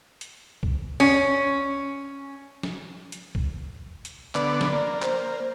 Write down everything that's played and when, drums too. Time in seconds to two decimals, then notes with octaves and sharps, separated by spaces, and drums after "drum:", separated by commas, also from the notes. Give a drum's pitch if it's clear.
0.21 drum: hi-hat
0.63 drum: kick C2
1.00 C#4, drum: open hi-hat
2.63 drum: snare
3.12 drum: hi-hat
3.35 drum: kick C2
4.05 drum: hi-hat
4.35 D3 B3 D5, drum: clap
4.61 drum: snare
4.73 A#3 D5
5.02 C5, drum: clap